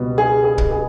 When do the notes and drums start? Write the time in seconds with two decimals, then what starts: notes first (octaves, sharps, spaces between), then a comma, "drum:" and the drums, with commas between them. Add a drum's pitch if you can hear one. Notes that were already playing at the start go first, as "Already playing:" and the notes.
Already playing: C#2 B2 G3 B3
0.18 G#4
0.44 G#4
0.58 drum: kick
0.71 G#4